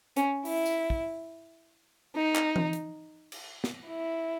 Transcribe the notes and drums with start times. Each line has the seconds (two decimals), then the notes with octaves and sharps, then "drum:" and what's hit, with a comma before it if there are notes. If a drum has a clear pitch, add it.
0.17 C#4, drum: hi-hat
0.45 E4, drum: open hi-hat
0.66 drum: tambourine
0.90 drum: kick
2.16 D#4
2.35 drum: clap
2.56 drum: tom E3
2.73 drum: hi-hat
3.32 drum: cymbal
3.64 drum: snare
3.87 E4